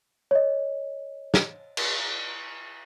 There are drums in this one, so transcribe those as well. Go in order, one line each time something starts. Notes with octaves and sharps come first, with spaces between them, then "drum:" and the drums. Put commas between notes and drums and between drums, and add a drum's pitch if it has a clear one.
C#5 D#5
drum: snare
drum: cymbal